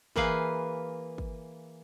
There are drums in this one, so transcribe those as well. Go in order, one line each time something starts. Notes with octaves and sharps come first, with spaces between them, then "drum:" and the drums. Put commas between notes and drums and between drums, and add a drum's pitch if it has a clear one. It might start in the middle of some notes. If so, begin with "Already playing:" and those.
E3 A#3 G#4 B4 F5, drum: kick
drum: kick